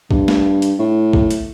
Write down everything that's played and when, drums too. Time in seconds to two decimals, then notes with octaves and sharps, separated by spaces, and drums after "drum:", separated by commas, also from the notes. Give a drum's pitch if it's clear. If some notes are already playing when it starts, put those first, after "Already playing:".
0.11 G2, drum: kick A1
0.28 drum: snare
0.62 drum: hi-hat
0.79 A2
1.13 drum: kick A1
1.31 drum: hi-hat